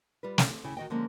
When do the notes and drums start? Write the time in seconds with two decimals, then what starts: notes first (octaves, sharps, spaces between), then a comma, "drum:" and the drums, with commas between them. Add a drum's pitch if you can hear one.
0.23 G3 F4 B4
0.38 F#2 C#4, drum: snare
0.50 C4
0.64 C#3 E4 G5
0.77 D#3 F#4 D#5 G5
0.90 D3 F3 G#3 A#3 C#4